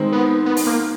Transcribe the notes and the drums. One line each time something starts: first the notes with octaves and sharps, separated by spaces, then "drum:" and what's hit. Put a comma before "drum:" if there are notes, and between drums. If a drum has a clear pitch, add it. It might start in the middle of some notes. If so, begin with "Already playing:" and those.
Already playing: D#3 G#3 C4 D#4
B3
B3
drum: open hi-hat
A#3